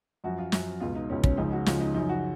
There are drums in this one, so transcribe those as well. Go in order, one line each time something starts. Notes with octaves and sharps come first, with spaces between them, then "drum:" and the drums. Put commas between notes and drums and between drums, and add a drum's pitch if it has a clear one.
F#2 F3 F#4
F4
F#2 F3, drum: snare
C#2 B2 F4
D#4
C#2 B2 C#4
C#4, drum: kick
C#2 C#3 F3 D#4
F#4
C#2 C#3 F3 F4, drum: snare
D#4
F#2 C#3 F3 D#4
F#4